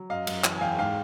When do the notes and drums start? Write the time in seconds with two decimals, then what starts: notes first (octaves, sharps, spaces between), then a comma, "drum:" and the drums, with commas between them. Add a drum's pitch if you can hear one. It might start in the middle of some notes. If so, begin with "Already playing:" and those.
Already playing: F#3
0.10 F#2 D#5 F5
0.27 F#2, drum: cymbal
0.44 E3, drum: clap
0.57 G#5
0.61 E2 F5 G5
0.78 G#2 F5 G5